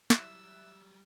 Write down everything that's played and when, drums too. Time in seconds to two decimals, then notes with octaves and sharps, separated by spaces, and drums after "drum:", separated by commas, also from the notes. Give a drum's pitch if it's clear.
0.10 F#3 G3 E4 E6 F#6, drum: snare